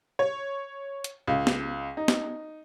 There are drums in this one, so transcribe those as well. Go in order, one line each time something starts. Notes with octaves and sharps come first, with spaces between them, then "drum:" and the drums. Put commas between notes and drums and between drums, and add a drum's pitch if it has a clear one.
C#5
drum: hi-hat
C#2
drum: snare
D#4
drum: snare